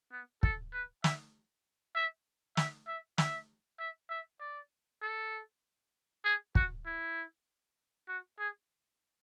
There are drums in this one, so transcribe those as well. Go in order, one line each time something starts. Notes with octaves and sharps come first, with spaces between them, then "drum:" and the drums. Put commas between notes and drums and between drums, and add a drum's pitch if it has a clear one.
B3
A4, drum: kick
B4
E5, drum: snare
E5
E5, drum: snare
E5
E5, drum: snare
E5
E5
D5
A4
G#4
F#4, drum: kick
E4
F#4
G#4